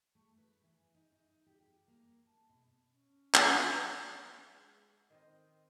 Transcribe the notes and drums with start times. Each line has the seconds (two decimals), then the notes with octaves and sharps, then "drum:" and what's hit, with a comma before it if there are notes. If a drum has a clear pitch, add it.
0.15 A3
0.38 B4
0.63 E3
0.95 D#4
1.12 D#4
1.46 G4
1.61 G4
1.88 A#3
2.26 A5
2.49 B2
2.90 C#4
3.34 drum: clap
4.36 G#3
5.10 D#3 C4 C5 D#5